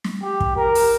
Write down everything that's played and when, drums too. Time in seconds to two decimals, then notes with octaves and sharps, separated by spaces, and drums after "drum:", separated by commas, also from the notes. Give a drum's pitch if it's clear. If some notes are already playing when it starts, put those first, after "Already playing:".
0.04 drum: snare
0.23 G4
0.40 drum: kick
0.57 A#4
0.75 drum: open hi-hat